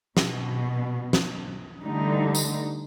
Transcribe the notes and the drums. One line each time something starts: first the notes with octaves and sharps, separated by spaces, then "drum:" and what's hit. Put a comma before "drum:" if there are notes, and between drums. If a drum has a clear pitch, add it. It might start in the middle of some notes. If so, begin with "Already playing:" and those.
B2, drum: snare
drum: snare
D3 E3 G3 A3 D#4
drum: tambourine